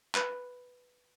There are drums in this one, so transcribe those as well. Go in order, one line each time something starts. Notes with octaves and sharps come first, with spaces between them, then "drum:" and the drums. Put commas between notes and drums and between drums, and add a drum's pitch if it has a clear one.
B4 B5 F#6 D#7, drum: clap